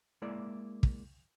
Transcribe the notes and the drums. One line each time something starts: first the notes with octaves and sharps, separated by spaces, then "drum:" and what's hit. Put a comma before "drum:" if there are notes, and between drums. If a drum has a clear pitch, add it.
G#3 A#3 E4 D5
drum: kick